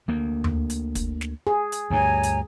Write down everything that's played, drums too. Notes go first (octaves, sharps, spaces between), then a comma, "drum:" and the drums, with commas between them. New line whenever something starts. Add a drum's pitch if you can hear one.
D2 A#3
drum: tom D#2
drum: hi-hat
drum: kick, hi-hat
drum: snare
G#4
drum: hi-hat
D2 G2 C#5 G#5 A#5
drum: hi-hat